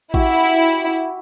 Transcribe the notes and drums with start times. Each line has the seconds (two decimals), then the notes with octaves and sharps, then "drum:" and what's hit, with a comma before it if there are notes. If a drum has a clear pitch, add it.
0.14 E4 F#4 G4 E5, drum: kick A1